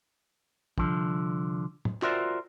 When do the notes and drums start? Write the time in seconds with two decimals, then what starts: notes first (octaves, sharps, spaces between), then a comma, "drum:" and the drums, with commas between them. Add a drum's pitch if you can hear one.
0.78 C2 D3 F3, drum: kick
1.85 drum: tom
2.02 F4 F#4 A#4 C5 D5 E5, drum: clap